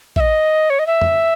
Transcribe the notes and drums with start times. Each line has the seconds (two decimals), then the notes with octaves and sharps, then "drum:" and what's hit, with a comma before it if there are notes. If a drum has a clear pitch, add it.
0.16 E5, drum: kick
0.20 D#5
0.70 C#5
0.79 D#5
0.87 E5
1.02 drum: tom F2